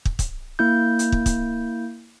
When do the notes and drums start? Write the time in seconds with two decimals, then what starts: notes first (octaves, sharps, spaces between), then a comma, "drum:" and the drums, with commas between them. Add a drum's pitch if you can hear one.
0.05 drum: kick
0.19 drum: kick, hi-hat
0.59 A#3 E4 G6
0.99 drum: hi-hat
1.12 drum: kick
1.26 drum: kick, hi-hat